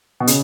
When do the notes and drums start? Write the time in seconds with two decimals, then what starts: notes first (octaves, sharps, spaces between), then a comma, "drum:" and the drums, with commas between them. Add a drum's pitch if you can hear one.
0.20 B2
0.27 C#3, drum: hi-hat